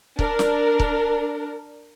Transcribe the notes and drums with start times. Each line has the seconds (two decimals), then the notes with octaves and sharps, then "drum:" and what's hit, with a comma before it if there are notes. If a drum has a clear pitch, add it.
0.19 D4 A#4, drum: kick
0.39 drum: snare
0.80 drum: kick